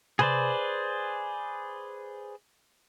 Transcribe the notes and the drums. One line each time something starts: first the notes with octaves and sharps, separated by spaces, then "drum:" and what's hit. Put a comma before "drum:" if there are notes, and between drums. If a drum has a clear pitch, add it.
G#4 B4 C5 D5, drum: tom C3